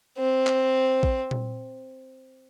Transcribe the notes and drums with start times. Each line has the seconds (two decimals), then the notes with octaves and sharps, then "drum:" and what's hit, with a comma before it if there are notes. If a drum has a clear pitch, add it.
0.19 C4
0.47 drum: clap
1.03 drum: kick
1.31 drum: tom A#2